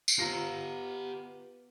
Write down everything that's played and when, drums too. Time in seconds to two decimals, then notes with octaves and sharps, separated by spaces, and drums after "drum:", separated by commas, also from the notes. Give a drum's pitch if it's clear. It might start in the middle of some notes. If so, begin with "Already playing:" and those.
0.08 drum: tambourine
0.19 B3 F4 G4 A#5 A#6